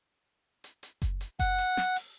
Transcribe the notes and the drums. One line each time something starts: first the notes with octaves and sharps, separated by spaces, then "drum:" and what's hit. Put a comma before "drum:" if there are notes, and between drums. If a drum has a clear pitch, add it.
drum: hi-hat
drum: hi-hat
drum: kick F#1, hi-hat
drum: hi-hat
F#5, drum: kick F#1, hi-hat
drum: hi-hat
drum: snare
drum: open hi-hat